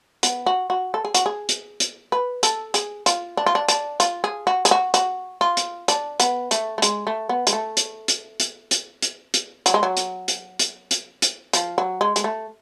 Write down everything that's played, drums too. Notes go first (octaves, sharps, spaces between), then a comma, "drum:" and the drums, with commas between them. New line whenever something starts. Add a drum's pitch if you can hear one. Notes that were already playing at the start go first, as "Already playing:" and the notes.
B3, drum: hi-hat
F#4
F#4
A4
G#4
F#4, drum: hi-hat
G#4
drum: hi-hat
drum: hi-hat
B4
A4, drum: hi-hat
G#4, drum: hi-hat
F4, drum: hi-hat
D4
F4
D4
D4, drum: hi-hat
F4, drum: hi-hat
G#4
F#4
G#4, drum: hi-hat
F#4
F#4, drum: hi-hat
F4
drum: hi-hat
D4, drum: hi-hat
B3, drum: hi-hat
A3, drum: hi-hat
A3
G#3, drum: hi-hat
A3
B3
G#3, drum: hi-hat
A3
drum: hi-hat
drum: hi-hat
drum: hi-hat
drum: hi-hat
drum: hi-hat
drum: hi-hat
F#3, drum: hi-hat
G#3
F#3
drum: hi-hat
drum: hi-hat
drum: hi-hat
drum: hi-hat
drum: hi-hat
F3, drum: hi-hat
F#3
G#3
G#3, drum: hi-hat
A3